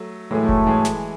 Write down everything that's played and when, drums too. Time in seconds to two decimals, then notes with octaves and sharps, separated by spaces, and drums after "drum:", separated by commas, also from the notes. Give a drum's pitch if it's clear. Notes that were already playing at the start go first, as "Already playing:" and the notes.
Already playing: F#3 A3
0.31 A2 E3 F#3 G#3 A3
0.49 drum: kick F1
0.66 E3 G#3
0.85 drum: snare